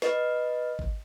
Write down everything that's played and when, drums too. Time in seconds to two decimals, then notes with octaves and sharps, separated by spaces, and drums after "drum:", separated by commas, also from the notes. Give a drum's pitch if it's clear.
0.02 B4 D#5, drum: snare
0.79 drum: kick G#1